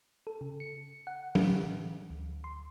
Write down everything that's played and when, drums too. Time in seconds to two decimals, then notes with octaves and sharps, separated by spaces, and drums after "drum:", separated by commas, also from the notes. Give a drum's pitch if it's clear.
0.27 A4
0.41 C#3
0.60 C#7
1.07 F#5
1.35 A2, drum: tom F#3
1.54 E3
2.10 D2
2.44 C6